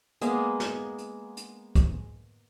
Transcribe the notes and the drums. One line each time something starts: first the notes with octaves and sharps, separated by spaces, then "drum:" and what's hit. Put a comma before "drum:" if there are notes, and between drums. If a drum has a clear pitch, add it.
G#3 A#3 B3, drum: hi-hat
drum: snare
drum: hi-hat
drum: hi-hat
drum: kick, hi-hat